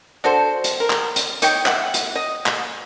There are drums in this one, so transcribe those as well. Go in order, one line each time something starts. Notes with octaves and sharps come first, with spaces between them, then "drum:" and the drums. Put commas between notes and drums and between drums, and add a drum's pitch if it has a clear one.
D4 F#4 A4 C5
drum: hi-hat
A#4
drum: clap
drum: hi-hat
D#4 C#5 G5, drum: hi-hat
E5 F#5, drum: clap
drum: hi-hat
D#5
drum: clap